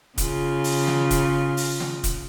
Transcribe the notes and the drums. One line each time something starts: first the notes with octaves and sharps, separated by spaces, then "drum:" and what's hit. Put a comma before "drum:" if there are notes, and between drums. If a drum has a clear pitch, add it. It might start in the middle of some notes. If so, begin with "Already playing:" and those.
C#3 F4, drum: kick, hi-hat
drum: open hi-hat
drum: snare
drum: kick, hi-hat
drum: open hi-hat
drum: snare
drum: kick, hi-hat